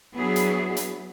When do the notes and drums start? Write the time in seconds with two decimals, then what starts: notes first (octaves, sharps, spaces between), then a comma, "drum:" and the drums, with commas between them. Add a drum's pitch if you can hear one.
0.15 F#3 B3 D4 E4 G#4
0.36 drum: hi-hat
0.77 drum: hi-hat